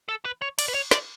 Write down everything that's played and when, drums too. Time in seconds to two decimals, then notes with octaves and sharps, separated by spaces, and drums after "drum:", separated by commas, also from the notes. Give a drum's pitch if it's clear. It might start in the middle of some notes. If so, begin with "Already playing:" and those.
0.09 A4
0.25 B4
0.42 C#5
0.59 D5, drum: cymbal
0.68 B4
0.74 C#5
0.91 D5, drum: snare